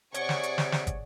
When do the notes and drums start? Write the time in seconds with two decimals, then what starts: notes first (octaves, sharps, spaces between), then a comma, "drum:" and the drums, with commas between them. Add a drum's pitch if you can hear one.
0.14 C3 G#4 C#5 D5 F#5 C#6, drum: hi-hat
0.29 drum: snare
0.43 drum: hi-hat
0.58 drum: snare
0.72 drum: snare
0.87 drum: kick, hi-hat